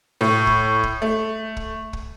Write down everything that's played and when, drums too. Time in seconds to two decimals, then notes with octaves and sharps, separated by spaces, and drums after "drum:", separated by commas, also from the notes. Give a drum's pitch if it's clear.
0.21 A2
0.47 drum: kick
0.83 drum: kick
1.02 A3
1.57 drum: kick
1.93 drum: kick